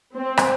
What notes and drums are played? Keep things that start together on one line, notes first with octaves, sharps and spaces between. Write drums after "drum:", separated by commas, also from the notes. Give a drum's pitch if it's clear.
C4
drum: rim click